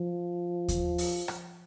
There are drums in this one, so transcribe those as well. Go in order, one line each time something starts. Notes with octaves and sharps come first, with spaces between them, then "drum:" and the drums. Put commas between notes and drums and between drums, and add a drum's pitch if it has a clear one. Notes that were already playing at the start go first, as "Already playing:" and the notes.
Already playing: F3
drum: kick D#2, hi-hat
drum: open hi-hat
drum: rim click